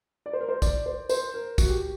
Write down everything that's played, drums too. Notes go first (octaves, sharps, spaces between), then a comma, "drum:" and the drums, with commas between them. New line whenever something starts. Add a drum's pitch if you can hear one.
D5
C5
A#4
C5
D5, drum: kick, tambourine
C5
C5, drum: tambourine
A#4
F#4, drum: kick, tambourine
G4